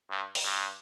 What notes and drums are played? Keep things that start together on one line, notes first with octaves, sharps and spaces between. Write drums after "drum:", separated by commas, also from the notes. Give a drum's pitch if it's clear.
G2
drum: open hi-hat
G2